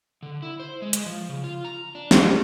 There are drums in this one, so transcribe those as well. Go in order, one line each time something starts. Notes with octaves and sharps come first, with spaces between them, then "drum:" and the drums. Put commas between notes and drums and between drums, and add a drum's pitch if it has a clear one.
D3
E4
C5
G#3
drum: hi-hat
F3
C#3
F4
A#5
D4
A#4, drum: snare